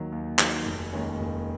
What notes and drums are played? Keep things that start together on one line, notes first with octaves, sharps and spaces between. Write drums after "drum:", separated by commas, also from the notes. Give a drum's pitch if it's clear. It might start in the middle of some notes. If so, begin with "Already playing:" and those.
Already playing: D#2 D#3 F#3
D#2
D#3 F#3, drum: clap
F1
D#2 D#3 G#3 C#4
F1